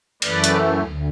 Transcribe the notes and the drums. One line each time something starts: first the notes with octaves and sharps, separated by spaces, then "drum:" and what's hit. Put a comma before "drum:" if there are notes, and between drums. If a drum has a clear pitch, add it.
F#2 E3 A3 B4 D5, drum: cymbal
drum: hi-hat
D2